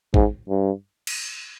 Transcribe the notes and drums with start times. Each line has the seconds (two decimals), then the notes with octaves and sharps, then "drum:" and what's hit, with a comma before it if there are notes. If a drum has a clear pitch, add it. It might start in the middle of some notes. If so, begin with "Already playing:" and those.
0.14 G#2, drum: kick
0.49 G2
1.07 drum: cymbal